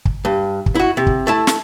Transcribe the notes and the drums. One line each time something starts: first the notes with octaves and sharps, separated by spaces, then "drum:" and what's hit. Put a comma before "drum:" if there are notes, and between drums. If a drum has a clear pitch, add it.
drum: kick
G2
drum: kick
E4 F#4
C3
drum: kick
A3 E4 A5
drum: snare